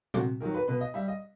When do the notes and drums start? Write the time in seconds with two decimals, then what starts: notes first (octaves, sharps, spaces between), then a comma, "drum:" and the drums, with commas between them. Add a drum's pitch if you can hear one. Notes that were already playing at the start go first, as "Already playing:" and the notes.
0.14 C3 F#4, drum: tom
0.40 D#3 F#3 A#4
0.55 B4
0.68 B2 B4
0.81 D#5
0.94 G3 E5
1.08 D#5